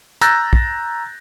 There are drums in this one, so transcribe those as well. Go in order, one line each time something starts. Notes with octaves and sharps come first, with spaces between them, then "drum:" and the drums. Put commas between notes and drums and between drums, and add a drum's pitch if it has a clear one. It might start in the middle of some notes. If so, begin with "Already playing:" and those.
A#5 E6 F#6 G6 A6 A#6, drum: hi-hat
drum: kick